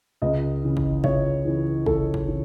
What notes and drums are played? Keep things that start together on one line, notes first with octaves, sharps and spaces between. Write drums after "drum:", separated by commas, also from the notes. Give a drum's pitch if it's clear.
C#2 D#5
C#3 E3
drum: kick
C#2 C#5, drum: kick
C#3 E3
C#2 A4, drum: kick
drum: kick
C#3 E3